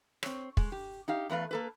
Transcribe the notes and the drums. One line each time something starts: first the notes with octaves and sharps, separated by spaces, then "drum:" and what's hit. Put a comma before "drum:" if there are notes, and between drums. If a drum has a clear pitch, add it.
C4 C#5, drum: rim click
G#3, drum: kick
G4
D#4 G4 F5
E2 A3 B4 F5
A#3 A4 B4